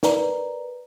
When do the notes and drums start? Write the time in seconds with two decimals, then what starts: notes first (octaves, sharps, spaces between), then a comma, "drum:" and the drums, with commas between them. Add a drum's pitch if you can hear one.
0.03 A#4 B4 D5 A#5, drum: snare